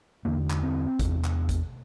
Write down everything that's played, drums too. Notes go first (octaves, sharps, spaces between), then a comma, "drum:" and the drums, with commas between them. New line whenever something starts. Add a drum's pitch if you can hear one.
E2 D3 A#3
drum: clap
C4
E2 C3, drum: kick G#1, hi-hat
drum: clap
drum: kick G#1, hi-hat